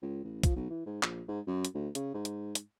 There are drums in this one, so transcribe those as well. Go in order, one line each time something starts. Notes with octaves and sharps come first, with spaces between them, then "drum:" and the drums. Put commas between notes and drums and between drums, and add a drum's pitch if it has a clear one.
C#2
A1
F3, drum: kick, hi-hat
B1
E3
G#2
A#1, drum: clap
G#2
F#2
drum: hi-hat
D2
C#3, drum: hi-hat
G#2
drum: hi-hat
drum: hi-hat